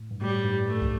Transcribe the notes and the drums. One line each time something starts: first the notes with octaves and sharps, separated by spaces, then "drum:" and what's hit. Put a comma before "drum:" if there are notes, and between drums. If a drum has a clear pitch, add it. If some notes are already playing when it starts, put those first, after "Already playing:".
Already playing: A2
G2
A2 G3
G2
A3
drum: kick